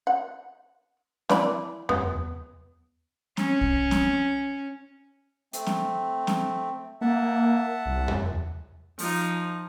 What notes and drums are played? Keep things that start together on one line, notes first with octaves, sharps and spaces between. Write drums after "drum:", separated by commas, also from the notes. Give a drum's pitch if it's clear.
F#5
E3 D5 B5, drum: snare C4
B3, drum: tom E2
C#4, drum: snare C4
drum: kick
drum: snare C4
A3 C4, drum: hi-hat
drum: snare C4
drum: snare C4
A#3 E5 F#5 A5
C2
drum: tom E2
F3 D#4, drum: open hi-hat